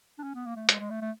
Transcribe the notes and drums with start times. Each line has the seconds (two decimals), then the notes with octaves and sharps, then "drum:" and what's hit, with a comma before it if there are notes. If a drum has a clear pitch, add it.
0.19 D4
0.23 C#4
0.35 B3
0.46 A#3
0.56 A3
0.69 G#3, drum: hi-hat
0.79 G#3
0.90 A3
1.02 A3